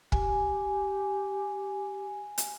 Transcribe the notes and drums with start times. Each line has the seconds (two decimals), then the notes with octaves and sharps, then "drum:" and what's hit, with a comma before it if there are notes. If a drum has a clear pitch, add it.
0.12 G4 G#5, drum: kick
2.38 drum: hi-hat